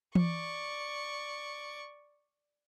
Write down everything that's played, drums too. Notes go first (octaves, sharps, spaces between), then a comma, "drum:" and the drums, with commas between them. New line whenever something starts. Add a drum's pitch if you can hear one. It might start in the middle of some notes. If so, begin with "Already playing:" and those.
D5 C#6, drum: tom E3